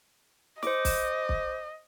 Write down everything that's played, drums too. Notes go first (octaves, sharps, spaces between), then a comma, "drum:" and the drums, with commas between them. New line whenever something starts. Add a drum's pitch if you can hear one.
C5 D#5 D6, drum: snare
drum: kick, open hi-hat
drum: kick